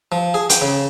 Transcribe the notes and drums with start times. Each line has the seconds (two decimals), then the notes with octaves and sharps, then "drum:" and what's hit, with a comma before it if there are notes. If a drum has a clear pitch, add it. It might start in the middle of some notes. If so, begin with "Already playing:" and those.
0.12 F3
0.34 G#4
0.50 G5, drum: hi-hat
0.62 C#3